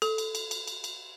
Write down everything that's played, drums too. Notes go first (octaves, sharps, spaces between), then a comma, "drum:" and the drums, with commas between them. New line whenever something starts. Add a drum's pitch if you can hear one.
A4, drum: cymbal
drum: cymbal
drum: cymbal
drum: cymbal
drum: cymbal
drum: cymbal